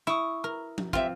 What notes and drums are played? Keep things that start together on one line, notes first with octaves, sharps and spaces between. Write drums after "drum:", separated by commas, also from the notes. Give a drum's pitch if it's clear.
E4 C#6 D#6
A#4
drum: tom F3
C4 F4 G4 E5, drum: kick